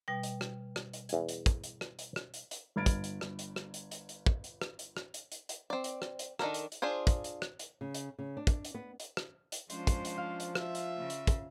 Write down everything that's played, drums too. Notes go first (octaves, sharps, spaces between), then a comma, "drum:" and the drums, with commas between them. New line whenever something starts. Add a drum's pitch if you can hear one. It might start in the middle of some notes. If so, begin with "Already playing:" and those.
B2 G3 G5
drum: hi-hat
drum: rim click
drum: rim click
drum: hi-hat
E2 G#5, drum: hi-hat
drum: hi-hat
drum: kick, hi-hat
drum: hi-hat
drum: rim click
drum: hi-hat
drum: rim click
drum: hi-hat
drum: hi-hat
G1 B5 F6 G#6 A6 D7
drum: kick, hi-hat
drum: hi-hat
drum: rim click
drum: hi-hat
drum: rim click
drum: hi-hat
drum: hi-hat
drum: hi-hat
drum: kick
drum: hi-hat
drum: rim click
drum: hi-hat
drum: rim click
drum: hi-hat
drum: hi-hat
drum: hi-hat
C4 D5
drum: hi-hat
drum: rim click
drum: hi-hat
D#3 D4 A4 A#4, drum: rim click
drum: hi-hat
drum: hi-hat
D4 F4 G#4 C5
drum: kick, hi-hat
drum: hi-hat
drum: rim click
drum: hi-hat
C#3
drum: hi-hat
C#3
D4
drum: kick, hi-hat
drum: hi-hat
B3
drum: hi-hat
drum: rim click
drum: hi-hat
F3 G#3 C#4 D4 C5, drum: hi-hat
drum: kick, hi-hat
drum: hi-hat
F5
drum: hi-hat
F4 E5, drum: rim click
drum: hi-hat
C#3
drum: hi-hat
drum: kick, hi-hat